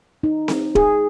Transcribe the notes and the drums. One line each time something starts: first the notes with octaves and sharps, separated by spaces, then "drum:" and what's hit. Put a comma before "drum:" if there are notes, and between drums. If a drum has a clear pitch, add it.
D#4
drum: snare C4
G#4, drum: kick D#1